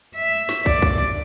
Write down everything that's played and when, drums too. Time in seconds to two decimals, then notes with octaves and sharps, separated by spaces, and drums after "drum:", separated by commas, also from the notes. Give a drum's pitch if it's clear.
0.15 E5
0.49 drum: snare
0.66 D5, drum: kick
0.82 drum: kick